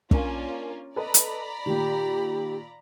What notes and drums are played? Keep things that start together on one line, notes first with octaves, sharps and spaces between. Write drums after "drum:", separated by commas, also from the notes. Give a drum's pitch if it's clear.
A#3 C#4 D4 F4 A#4 G#5, drum: kick
A4 B4 D5 D#5 A#5 B5
drum: hi-hat
A#2 D#3 G4